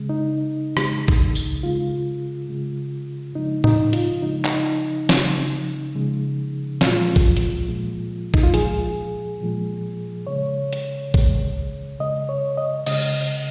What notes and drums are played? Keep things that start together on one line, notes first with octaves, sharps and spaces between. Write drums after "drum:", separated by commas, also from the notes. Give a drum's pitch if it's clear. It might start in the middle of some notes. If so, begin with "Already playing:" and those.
Already playing: C#3 G#3
D#4
C#3 G#3, drum: rim click
drum: kick
drum: tambourine
C#3 G#3 F4
C#3 G#3
C#3 F3 G#3 D#4
D#4, drum: tom A2
F4, drum: hi-hat
C#3 F3 G#3 D#4
D#4, drum: clap
C#3 F3 G#3, drum: snare
C#3 F3 G#3
A#2 F3 G#3 F4, drum: snare
drum: kick
drum: hi-hat
A#2 F3 G#3
D#4, drum: kick
F4
A#2 F3 G#3 G#4, drum: hi-hat
A#2 F3 G#3
C#3 G#3 C#5
drum: hi-hat
C#3 G#3, drum: kick
C#3 G#3 D#5
C#5
D#5
C#3 G#3 D#5, drum: cymbal